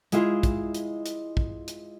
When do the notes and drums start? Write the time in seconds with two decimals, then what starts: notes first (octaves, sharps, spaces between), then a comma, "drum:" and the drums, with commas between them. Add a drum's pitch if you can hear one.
0.12 G#3 E4 F4 G#4, drum: hi-hat
0.43 drum: kick, hi-hat
0.75 drum: hi-hat
1.06 drum: hi-hat
1.37 drum: kick
1.68 drum: hi-hat